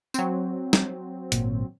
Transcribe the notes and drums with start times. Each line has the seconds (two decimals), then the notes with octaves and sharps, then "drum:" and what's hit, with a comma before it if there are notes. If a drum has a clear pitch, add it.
0.14 F#3 C4, drum: tambourine
0.73 drum: snare
1.32 G#1 A#2 A#3, drum: hi-hat